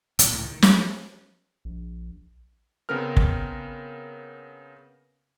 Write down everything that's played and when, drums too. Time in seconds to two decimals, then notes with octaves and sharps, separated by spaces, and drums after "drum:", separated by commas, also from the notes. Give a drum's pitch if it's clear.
0.19 A#2 C#3, drum: hi-hat
0.31 C#2 A2 D#3
0.45 D#3
0.62 F3 A3 B3, drum: snare
1.65 A#1
2.89 C#3 B3 C4 A#4 F6
3.17 drum: kick